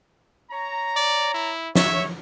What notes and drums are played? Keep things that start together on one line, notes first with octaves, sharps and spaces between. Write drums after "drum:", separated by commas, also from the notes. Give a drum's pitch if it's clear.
C#5 A#5
D5
E4
C#5 E5, drum: snare